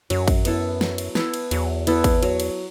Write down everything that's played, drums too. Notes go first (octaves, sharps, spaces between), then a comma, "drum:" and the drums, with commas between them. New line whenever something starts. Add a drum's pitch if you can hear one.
F#2 F#3, drum: cymbal
drum: kick G#1, cymbal
B3 E4 A4, drum: cymbal
F#3, drum: snare
drum: cymbal
B3 E4 A4, drum: snare
drum: cymbal
E2 F#3, drum: cymbal
B3 E4 A4, drum: cymbal
drum: kick G#1, cymbal
F#3, drum: cymbal
drum: cymbal